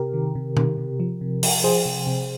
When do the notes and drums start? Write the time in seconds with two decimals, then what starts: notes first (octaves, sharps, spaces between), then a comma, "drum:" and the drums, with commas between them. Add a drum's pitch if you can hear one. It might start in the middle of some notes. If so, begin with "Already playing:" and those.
Already playing: C3 G4 A#4
0.13 D#3
0.35 C3
0.57 D#3, drum: tom B2
0.78 C3
1.00 F3
1.21 C3
1.43 F3, drum: open hi-hat
1.64 F3 G#4 C5
1.86 C3
2.07 C3